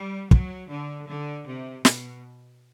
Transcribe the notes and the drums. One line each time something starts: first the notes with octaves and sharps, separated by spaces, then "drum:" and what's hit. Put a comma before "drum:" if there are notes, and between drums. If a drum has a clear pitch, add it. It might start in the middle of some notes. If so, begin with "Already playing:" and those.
Already playing: G3
F#3, drum: kick
D3
D3
C3
B2, drum: snare